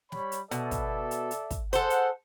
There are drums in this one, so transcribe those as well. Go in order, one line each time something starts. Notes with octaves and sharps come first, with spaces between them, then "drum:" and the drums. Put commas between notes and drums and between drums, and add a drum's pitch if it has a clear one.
G3 C#5 B5, drum: snare
drum: hi-hat
B2 A4 D5 E5, drum: hi-hat
drum: kick, hi-hat
drum: hi-hat
drum: hi-hat
drum: kick, hi-hat
G#4 A4 C5 F#5, drum: hi-hat
drum: hi-hat